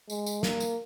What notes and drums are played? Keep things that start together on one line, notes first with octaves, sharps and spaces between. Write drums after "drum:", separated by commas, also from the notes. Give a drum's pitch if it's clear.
G#3, drum: tambourine
drum: tambourine
A#3, drum: snare
drum: tambourine